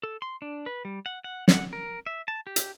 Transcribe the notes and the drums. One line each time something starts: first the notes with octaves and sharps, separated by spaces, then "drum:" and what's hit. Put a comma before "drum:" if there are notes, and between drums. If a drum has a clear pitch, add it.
A4
C6
D4
B4
G3
F#5
F#5
F#5, drum: snare
A#4
E5
A5
G4
drum: hi-hat